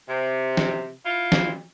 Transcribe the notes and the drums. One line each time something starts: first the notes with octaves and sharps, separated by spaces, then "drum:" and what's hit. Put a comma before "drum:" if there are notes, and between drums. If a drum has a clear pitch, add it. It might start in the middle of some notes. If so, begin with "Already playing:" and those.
C3
drum: snare
E4 F4
drum: snare